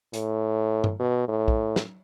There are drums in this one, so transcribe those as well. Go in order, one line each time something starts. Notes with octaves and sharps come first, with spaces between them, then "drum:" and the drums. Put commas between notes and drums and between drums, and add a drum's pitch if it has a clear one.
A2, drum: hi-hat
drum: tom G2
B2
A2
drum: kick
drum: snare